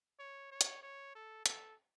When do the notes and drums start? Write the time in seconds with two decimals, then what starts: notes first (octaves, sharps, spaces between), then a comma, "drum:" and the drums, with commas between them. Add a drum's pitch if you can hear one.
0.19 C#5
0.51 C#5
0.61 drum: hi-hat
0.82 C#5
1.15 A4
1.46 A4, drum: hi-hat